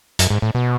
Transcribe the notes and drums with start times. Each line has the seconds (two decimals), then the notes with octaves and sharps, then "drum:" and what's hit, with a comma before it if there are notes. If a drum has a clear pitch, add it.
0.19 F#2, drum: hi-hat
0.30 G#2
0.42 A2
0.55 B2